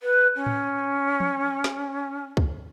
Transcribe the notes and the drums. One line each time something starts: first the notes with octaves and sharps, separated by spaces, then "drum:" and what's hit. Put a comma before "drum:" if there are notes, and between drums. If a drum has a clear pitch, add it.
B4
C#4
drum: tom A2
drum: tom
drum: snare
drum: kick